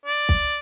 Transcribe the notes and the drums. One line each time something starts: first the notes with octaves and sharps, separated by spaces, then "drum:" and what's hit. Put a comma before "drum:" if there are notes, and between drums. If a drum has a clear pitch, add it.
D5
drum: kick